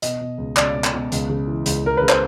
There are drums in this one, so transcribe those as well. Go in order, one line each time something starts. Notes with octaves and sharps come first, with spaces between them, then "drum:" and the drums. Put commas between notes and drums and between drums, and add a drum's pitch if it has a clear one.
B2 D#5, drum: hi-hat
B2
C#2
C#2 D5, drum: clap
B2
drum: clap
B2
C#2, drum: hi-hat
C#3
E3
C#2, drum: hi-hat
C#2 A#4
C#3 B4
C5, drum: clap